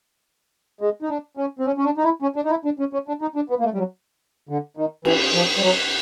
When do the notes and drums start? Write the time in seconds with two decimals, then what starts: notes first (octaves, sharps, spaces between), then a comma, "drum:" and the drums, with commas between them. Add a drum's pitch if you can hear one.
0.81 G#3
1.02 D#4
1.09 D4
1.37 C#4
1.59 C4
1.66 C#4
1.78 C#4
1.85 D4
1.97 D#4
2.04 E4
2.22 C#4
2.36 D4
2.45 D#4
2.50 E4
2.65 D4
2.79 C#4
2.93 C#4
3.08 D4
3.22 D#4
3.36 D4
3.50 B3
3.60 A#3
3.64 A3
3.74 G3
3.78 F#3
4.49 D3
4.77 D#3
5.05 E3, drum: cymbal
5.34 F3
5.57 G3
5.62 F#3